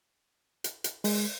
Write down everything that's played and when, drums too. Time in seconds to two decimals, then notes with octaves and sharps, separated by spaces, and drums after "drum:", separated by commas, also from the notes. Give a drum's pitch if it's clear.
0.64 drum: hi-hat
0.84 drum: hi-hat
1.04 G#3, drum: open hi-hat